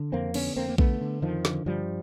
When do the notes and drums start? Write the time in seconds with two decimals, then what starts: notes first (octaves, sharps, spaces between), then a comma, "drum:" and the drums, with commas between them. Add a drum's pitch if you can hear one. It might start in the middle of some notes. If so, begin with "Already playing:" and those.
Already playing: D3
0.12 F2 A#3 C4
0.34 D3 B3 C#4, drum: cymbal
0.57 F2 A#3 C4
0.69 A#3
0.78 D3 A3 B3, drum: kick A#1
1.01 D3
1.22 F2 D#3 F3
1.45 D3, drum: snare
1.66 G2 F3 G3